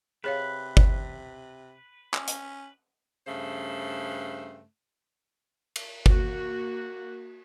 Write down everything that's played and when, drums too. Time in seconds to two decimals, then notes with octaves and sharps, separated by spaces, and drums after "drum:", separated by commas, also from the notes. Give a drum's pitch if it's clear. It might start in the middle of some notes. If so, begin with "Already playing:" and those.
0.24 C3 G#4 B4 C#5 F5
0.77 drum: kick G1
2.14 C#4, drum: clap
2.28 drum: hi-hat
3.26 G2 C#3 A3 C5
5.76 drum: cymbal
6.06 A#3 F#4, drum: kick G1